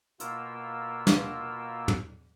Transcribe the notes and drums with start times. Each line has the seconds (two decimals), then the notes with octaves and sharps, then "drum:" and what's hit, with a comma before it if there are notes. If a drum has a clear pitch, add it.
0.20 B2 A#3 F4 A#4 E6, drum: hi-hat
1.07 drum: snare
1.88 drum: tom